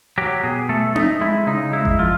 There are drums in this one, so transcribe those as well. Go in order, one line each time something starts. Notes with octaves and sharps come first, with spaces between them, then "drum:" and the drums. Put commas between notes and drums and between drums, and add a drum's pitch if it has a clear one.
F#3 G4
B2 G#4
A3 A4
A3 D#4, drum: tom C4
G#3 E4
C#3 D#4
G#3 E4
drum: kick G1
F3 F4